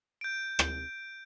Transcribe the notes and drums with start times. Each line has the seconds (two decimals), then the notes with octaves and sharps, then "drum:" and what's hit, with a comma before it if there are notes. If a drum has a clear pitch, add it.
0.21 G6 D7
0.59 drum: rim click